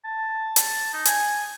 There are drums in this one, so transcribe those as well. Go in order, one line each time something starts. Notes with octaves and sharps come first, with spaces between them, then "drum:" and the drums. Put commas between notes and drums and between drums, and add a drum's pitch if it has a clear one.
A5
drum: hi-hat
D#4
G#5, drum: hi-hat